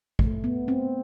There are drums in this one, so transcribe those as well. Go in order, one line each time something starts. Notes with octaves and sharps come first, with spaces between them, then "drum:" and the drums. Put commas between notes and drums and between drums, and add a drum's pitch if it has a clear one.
A3, drum: kick
B3
C4